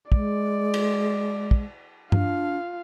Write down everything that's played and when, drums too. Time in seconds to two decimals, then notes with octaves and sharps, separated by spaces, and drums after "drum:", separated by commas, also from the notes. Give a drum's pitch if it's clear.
0.12 G#3 D5, drum: kick
0.74 drum: cymbal
1.51 drum: kick
2.12 D4 F4 F5, drum: tom G2